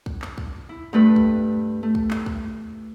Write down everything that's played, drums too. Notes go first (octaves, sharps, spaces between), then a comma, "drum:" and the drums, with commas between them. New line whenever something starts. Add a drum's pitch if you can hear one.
drum: kick
drum: clap
drum: kick
E4
G2 A3 B4
drum: kick
A3
drum: kick
drum: clap
drum: kick